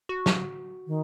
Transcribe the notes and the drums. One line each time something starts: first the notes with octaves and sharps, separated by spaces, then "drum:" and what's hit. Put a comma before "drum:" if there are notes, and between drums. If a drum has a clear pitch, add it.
F#4
drum: snare
D#3